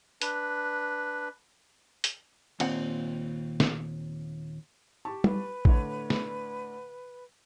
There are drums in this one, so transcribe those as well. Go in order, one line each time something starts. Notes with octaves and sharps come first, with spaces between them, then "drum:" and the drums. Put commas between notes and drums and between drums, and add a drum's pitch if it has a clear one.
D4 B4, drum: hi-hat
drum: hi-hat
D#2 A#2 C4 F#5, drum: cymbal
drum: snare
G4 A5 C#6
B4, drum: tom
A2 D3 C#5, drum: kick
drum: snare